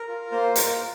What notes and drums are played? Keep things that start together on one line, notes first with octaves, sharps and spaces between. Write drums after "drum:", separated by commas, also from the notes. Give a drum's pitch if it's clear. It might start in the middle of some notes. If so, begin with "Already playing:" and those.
Already playing: A#4
F4
A#3 C5
F4 A#4, drum: hi-hat